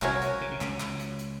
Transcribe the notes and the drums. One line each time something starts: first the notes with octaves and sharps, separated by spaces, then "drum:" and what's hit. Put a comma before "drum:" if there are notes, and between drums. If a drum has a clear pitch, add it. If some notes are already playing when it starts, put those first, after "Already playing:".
C2 C3 C#4 F#4 A#4 C#5, drum: clap
drum: hi-hat
C#3
C3
C#2 C#3, drum: clap
drum: clap
drum: hi-hat
drum: hi-hat